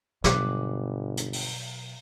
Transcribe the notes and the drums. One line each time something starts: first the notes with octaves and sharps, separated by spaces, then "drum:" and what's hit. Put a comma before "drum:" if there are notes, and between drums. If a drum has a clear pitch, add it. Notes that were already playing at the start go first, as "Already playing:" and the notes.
G1 B2 F#3 D6 F#6, drum: snare
drum: hi-hat
drum: open hi-hat